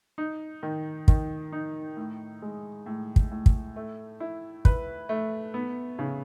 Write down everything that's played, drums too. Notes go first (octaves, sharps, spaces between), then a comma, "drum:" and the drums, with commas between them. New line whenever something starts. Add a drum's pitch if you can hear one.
D#4
D#3
D#3, drum: kick
D#4
A2
G#3
A2
drum: kick
A2
drum: kick
A3
E4
B4, drum: kick
A3
B3
C#3